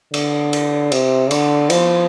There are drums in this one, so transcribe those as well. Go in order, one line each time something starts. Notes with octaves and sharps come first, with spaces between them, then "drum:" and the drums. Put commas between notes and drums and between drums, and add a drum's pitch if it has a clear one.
D3, drum: cymbal
drum: cymbal
C3, drum: cymbal
D3, drum: cymbal
F3, drum: cymbal